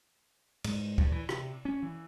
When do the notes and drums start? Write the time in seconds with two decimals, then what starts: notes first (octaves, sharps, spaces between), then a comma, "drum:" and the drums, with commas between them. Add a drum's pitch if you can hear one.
0.64 G#2, drum: cymbal
0.98 G2, drum: kick
1.12 E3
1.29 C3, drum: rim click
1.65 C#4
1.83 E3